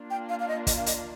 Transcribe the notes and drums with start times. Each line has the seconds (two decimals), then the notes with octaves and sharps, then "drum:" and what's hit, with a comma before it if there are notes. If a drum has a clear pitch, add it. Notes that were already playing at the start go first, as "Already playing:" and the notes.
Already playing: A#3 D4 F4
0.10 G5
0.29 F5
0.40 F5
0.48 D#5
0.67 D#5, drum: kick, hi-hat
0.77 F5
0.86 D#5, drum: hi-hat